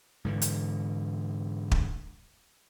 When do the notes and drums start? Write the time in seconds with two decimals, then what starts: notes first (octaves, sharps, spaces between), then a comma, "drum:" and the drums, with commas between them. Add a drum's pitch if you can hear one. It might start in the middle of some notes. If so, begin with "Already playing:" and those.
0.25 G#2 D3 E3
0.42 drum: hi-hat
1.71 drum: kick